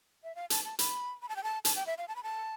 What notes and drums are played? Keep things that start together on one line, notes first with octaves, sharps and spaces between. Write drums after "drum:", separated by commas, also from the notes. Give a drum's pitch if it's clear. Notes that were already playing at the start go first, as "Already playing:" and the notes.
E5
F5
A5, drum: hi-hat
A5
B5, drum: hi-hat
B5
A5
G5
A5
A5, drum: hi-hat
G5
E5
F5
A5
B5
A5